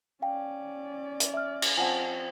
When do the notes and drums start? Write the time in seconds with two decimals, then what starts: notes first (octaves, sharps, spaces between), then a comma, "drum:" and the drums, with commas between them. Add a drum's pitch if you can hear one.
0.22 C#4 D5 F5 G5
1.20 drum: hi-hat
1.34 E5 F6
1.62 drum: cymbal
1.77 F3 C4 F#5 G#5